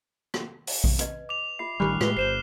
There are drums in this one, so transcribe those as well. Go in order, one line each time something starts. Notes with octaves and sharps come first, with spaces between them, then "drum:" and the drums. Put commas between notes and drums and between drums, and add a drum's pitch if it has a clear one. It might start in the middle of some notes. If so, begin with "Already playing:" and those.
drum: rim click
drum: open hi-hat
drum: kick A#1
B4 D#5, drum: hi-hat
D6 F7
F4 E5 C7
A1 D#3 G3 D4 G4 B5 F6 F#6
A2 G#3 B4 D6 C7 G7, drum: rim click
G1 C5 C7 E7 G7